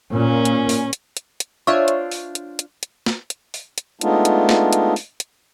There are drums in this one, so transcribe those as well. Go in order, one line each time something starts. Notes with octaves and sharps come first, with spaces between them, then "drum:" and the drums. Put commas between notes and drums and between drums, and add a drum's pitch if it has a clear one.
A#2 C#4
drum: hi-hat
drum: open hi-hat
drum: hi-hat
drum: hi-hat
drum: hi-hat
D4 F4 C5 C#5 E5
drum: hi-hat
drum: open hi-hat
drum: hi-hat
drum: hi-hat
drum: hi-hat
drum: snare
drum: hi-hat
drum: open hi-hat
drum: hi-hat
G#3 A3 B3 D4 D#4 F4, drum: hi-hat
drum: hi-hat
drum: snare
drum: hi-hat
drum: open hi-hat
drum: hi-hat